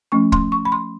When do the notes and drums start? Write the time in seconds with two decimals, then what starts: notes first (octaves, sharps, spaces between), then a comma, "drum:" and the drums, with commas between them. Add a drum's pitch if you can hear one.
0.12 F3 A3 C#4 C#6
0.32 C6, drum: kick
0.52 C#6
0.65 B5
0.72 C6